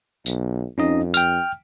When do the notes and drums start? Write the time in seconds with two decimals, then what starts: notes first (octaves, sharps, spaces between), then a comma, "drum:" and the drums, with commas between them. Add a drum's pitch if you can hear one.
0.26 B1, drum: tambourine
0.78 F2 C#4 D#4 D#5
1.14 G5 F6, drum: tambourine